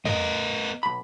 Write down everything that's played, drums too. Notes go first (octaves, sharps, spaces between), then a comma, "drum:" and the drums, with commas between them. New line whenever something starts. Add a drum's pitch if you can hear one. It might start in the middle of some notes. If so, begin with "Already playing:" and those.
B3 A#4 D#5, drum: tom
B1 B5